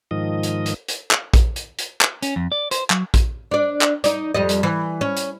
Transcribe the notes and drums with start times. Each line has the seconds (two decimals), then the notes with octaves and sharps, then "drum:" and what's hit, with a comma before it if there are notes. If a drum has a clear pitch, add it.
0.11 G#2 D#3 F3 D#5
0.43 drum: hi-hat
0.66 drum: hi-hat
0.88 drum: hi-hat
1.11 drum: clap
1.34 drum: kick A#1, hi-hat
1.56 drum: hi-hat
1.79 drum: hi-hat
2.01 drum: clap
2.22 C#4, drum: hi-hat
2.36 F2
2.52 D5
2.71 C5, drum: hi-hat
2.90 F#3, drum: clap
3.14 drum: kick A#1, hi-hat
3.51 D4 D5
3.81 drum: clap
4.04 D#4 D5, drum: hi-hat
4.34 F2 G3 D#5
4.49 drum: hi-hat
4.63 E3
5.01 C#4
5.17 drum: hi-hat